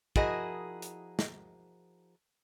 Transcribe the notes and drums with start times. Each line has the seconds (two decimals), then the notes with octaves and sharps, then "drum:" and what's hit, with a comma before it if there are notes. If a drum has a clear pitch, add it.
0.16 F3 E4 F#4 G#4 A#4 D#5, drum: kick
0.82 drum: hi-hat
1.19 drum: snare